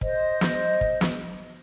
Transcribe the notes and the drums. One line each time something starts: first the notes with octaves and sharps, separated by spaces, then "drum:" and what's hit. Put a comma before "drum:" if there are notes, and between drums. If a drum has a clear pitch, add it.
C5 D#5, drum: kick
drum: snare
drum: kick
drum: snare